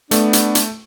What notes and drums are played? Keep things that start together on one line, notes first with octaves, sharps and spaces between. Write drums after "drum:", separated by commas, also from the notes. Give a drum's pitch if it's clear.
A3 B3 D4, drum: hi-hat
drum: hi-hat
drum: hi-hat